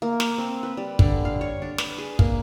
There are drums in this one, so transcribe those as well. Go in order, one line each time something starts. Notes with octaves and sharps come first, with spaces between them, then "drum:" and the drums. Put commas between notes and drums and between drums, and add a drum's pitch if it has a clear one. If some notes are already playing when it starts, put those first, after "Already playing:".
A#3
drum: snare
C4
B4
G3
D3, drum: kick
F5
C#5
D4
B4, drum: snare
G#4
A#3, drum: kick